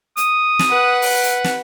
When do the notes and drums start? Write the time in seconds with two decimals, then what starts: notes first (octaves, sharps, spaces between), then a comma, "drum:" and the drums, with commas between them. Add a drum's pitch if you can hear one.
0.17 D#6, drum: hi-hat
0.59 drum: snare
0.69 B4 F#5
1.02 drum: open hi-hat
1.23 drum: hi-hat
1.44 drum: snare